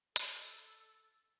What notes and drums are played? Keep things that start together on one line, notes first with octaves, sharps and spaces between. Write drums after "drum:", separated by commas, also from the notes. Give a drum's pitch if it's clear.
A4, drum: hi-hat